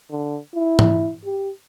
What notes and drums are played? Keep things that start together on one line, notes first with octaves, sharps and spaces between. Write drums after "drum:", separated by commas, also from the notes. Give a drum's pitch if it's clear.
D3
E4
drum: tom
G4